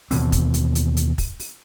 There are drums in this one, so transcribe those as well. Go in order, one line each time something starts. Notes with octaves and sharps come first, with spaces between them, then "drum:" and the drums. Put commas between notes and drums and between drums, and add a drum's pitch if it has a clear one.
D#2 B2 E3 C4, drum: open hi-hat
drum: kick, hi-hat
drum: hi-hat
drum: hi-hat
drum: hi-hat
drum: kick, open hi-hat
drum: open hi-hat